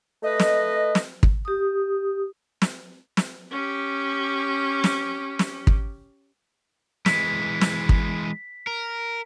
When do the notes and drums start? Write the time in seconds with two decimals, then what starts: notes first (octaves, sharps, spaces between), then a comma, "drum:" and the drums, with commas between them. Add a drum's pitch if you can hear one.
0.23 A3 B4 D#5
0.40 drum: snare
0.95 drum: snare
1.23 drum: kick
1.45 G4 D#6
2.62 drum: snare
3.17 drum: snare
3.51 C#4 G4
4.84 drum: snare
5.39 drum: snare
5.67 drum: kick
7.06 E3 G#3 B6, drum: snare
7.61 drum: snare
7.89 drum: kick
8.67 A#4